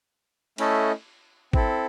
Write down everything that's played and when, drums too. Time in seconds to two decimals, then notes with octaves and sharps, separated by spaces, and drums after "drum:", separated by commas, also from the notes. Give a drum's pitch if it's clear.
0.58 A3 C#4 E4 A4 D#5, drum: cymbal
1.53 C4 E4 A4, drum: kick G#1